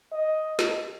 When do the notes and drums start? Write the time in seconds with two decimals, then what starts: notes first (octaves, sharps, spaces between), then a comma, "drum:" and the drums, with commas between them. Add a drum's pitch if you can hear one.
0.12 D#5
0.59 drum: snare